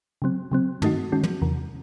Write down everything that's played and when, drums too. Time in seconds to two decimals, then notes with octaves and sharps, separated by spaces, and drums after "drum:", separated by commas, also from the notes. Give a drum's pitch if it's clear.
0.22 C#3 F#3 C4
0.52 C#3 F#3 C4
0.82 D#3 A3 D#4 F#4, drum: tom
1.12 D#3 G#3 C#4 F#4
1.23 drum: tom
1.42 E2 C3 E3